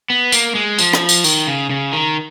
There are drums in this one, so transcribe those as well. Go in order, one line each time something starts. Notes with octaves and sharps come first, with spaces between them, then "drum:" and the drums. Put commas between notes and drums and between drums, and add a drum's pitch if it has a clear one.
B3
A#3, drum: tambourine
G#3
F3, drum: tambourine
drum: rim click
drum: tambourine
D#3, drum: tambourine
C#3
C#3
D#3